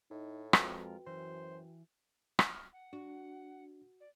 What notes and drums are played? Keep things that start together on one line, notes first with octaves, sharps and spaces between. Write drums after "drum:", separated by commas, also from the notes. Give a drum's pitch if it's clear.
A2 D#4
F2 G#3 F4 F#4 A#4 B4 G5, drum: rim click
F#2 E3 C5
F6, drum: rim click
F#5
D4 F#4
D5